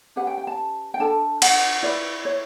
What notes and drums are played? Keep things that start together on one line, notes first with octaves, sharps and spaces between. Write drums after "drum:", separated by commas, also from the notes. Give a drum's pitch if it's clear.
C#4 G4 B4 F#5
G5
G5
A5
G5
D4 A4 A5
F#5, drum: cymbal
E4 B4 D5
C#5